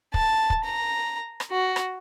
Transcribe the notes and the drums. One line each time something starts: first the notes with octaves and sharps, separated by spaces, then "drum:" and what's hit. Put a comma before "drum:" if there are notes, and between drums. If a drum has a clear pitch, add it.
A5, drum: kick
drum: kick
A#5
drum: rim click
F#4
drum: rim click